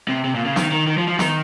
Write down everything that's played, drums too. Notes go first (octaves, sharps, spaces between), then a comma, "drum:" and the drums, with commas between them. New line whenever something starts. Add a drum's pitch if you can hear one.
C3
C3
A#2
C#3
D#3, drum: snare
D#3
D#3
F3
F3
D#3, drum: snare